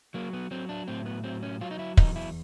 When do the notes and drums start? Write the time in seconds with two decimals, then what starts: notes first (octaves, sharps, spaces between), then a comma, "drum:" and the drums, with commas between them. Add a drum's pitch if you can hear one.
0.14 F#3 A#3
0.33 B3
0.51 F#3 C4
0.69 D4
0.88 A2 C4
1.06 B3
1.24 F#3 C4
1.43 C#4
1.61 F#3 F4
1.71 D#4
1.79 E4
1.97 E2 D#4, drum: kick
2.16 E4